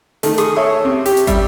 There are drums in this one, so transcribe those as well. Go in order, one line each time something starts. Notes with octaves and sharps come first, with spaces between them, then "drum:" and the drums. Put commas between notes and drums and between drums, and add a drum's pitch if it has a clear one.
D#3 A3, drum: open hi-hat
G#4 C#6 D#6, drum: hi-hat
A4 C#5 E5
C3
G4, drum: open hi-hat
drum: hi-hat
G3 E5, drum: kick, hi-hat